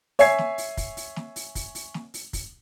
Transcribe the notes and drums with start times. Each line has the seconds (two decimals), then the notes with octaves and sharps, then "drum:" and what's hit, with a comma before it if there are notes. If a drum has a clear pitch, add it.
0.19 C#5 E5 G#5 G#6 C7, drum: open hi-hat
0.38 drum: snare
0.58 drum: open hi-hat
0.77 drum: kick, open hi-hat
0.97 drum: open hi-hat
1.16 drum: snare
1.36 drum: open hi-hat
1.55 drum: kick, open hi-hat
1.75 drum: open hi-hat
1.94 drum: snare
2.14 drum: open hi-hat
2.33 drum: kick, open hi-hat